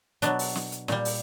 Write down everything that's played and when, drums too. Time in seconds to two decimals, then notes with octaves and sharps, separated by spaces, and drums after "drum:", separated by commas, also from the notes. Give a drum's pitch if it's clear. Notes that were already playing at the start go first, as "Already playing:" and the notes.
0.22 B2 F#3 B3 D4, drum: hi-hat
0.39 drum: open hi-hat
0.56 drum: snare
0.72 drum: hi-hat
0.88 A#2 G3, drum: snare
1.05 drum: open hi-hat